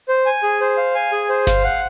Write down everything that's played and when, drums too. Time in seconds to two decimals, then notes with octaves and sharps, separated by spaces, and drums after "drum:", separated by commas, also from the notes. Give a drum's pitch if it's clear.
0.09 C5
0.26 G#5
0.43 G#4
0.60 C5
0.77 F5
0.95 G#5
1.12 G#4
1.29 C5
1.47 F5, drum: snare G1
1.64 F#5